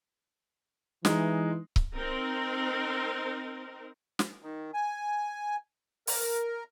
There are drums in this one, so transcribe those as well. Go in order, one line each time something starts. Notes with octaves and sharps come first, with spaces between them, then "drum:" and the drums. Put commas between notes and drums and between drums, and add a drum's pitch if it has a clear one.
E3 G#3 D#4, drum: snare
drum: kick C#1
C4 D#4 A#4
drum: snare
D#3
G#5
A#4, drum: open hi-hat